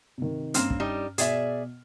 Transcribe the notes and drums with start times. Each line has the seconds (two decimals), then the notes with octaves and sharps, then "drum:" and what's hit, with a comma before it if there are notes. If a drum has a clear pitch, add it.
0.18 C3 D#3
0.54 G2 A#3 C4 C#4 F6, drum: hi-hat
0.70 drum: kick
0.80 G3 D#4
1.18 B2 G#4 D5 E5, drum: hi-hat